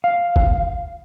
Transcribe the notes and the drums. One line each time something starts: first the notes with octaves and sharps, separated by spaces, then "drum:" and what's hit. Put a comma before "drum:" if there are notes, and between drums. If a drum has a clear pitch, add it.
F5
drum: kick